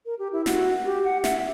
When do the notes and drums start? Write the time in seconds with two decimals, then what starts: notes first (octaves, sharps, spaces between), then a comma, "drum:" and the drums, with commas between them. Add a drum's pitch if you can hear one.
0.06 A#4
0.19 G4
0.32 E4
0.46 F#4, drum: snare
0.85 G4
1.04 F#5
1.24 E5, drum: snare